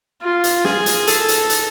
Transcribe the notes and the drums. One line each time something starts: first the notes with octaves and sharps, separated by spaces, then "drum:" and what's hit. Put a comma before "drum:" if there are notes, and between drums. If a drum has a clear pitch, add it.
F4
drum: hi-hat
G#4, drum: snare
drum: hi-hat
A4, drum: hi-hat
drum: hi-hat
drum: hi-hat